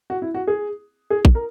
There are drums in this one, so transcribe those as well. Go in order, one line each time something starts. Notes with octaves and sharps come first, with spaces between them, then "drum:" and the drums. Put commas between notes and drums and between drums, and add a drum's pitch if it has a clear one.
F#4
E4
F#4
G#4
G#4
drum: kick A#1
A#4